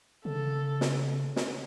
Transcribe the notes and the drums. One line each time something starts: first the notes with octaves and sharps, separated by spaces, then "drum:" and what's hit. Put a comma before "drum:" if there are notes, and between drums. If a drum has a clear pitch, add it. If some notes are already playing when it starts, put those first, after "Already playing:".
C#3 A4
drum: snare
drum: snare